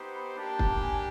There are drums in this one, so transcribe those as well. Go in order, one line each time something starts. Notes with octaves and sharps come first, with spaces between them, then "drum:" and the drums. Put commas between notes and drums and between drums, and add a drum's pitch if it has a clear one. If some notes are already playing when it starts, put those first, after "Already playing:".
Already playing: B3 D#4 G4 C5
B5
A#3 D4 G4 A5
drum: kick
G#5